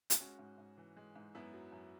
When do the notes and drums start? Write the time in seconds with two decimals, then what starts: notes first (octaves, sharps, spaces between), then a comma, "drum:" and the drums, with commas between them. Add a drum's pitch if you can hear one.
0.10 drum: hi-hat
0.20 G#3 C#4 F#4
0.39 G#2
0.58 G#2
0.77 E3
0.97 G#3
1.15 G#2
1.35 F#2 B3 E4
1.53 F#3
1.72 F#2